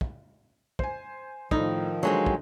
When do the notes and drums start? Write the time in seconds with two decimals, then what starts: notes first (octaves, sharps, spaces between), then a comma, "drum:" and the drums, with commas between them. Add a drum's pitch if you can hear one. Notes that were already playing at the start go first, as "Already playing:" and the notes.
0.01 drum: kick
0.79 C5 G#5, drum: kick
1.51 A2 D#3 F3 D#4, drum: kick
2.03 D3 F#3 G#3 C4
2.26 drum: kick